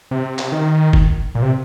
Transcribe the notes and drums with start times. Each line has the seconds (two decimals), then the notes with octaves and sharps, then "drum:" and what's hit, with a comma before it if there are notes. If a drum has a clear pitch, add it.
0.11 C3
0.39 drum: clap
0.52 D#3
0.93 drum: kick
1.35 A#2
1.42 C3